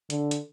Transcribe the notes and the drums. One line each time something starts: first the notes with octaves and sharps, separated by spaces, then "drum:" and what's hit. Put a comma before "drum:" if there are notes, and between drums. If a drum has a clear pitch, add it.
D3, drum: hi-hat
drum: hi-hat